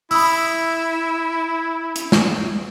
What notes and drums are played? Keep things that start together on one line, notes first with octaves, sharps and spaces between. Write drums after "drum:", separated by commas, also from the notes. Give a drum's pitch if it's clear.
E4 B5 D#6 E6, drum: open hi-hat
drum: hi-hat
drum: snare